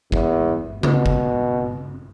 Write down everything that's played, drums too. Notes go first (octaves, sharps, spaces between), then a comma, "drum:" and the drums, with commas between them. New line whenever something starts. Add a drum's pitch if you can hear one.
E2, drum: kick
B2, drum: tom C#3
drum: kick